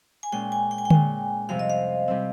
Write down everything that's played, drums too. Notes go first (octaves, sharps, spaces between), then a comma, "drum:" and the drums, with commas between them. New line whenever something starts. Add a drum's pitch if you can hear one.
G#5
A#2 G#3 C#4 G5
G#5
G5
G#5
G5
A#2 G#3 C#4, drum: tom D3
F2 C3 G3 C4 F5
D#5
F5
C3 G3 C4